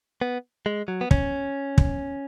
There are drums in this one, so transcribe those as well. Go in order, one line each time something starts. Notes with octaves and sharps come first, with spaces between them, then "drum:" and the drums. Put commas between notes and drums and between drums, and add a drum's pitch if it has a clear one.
B3
G#3
F#3
B3
C#4, drum: kick
drum: kick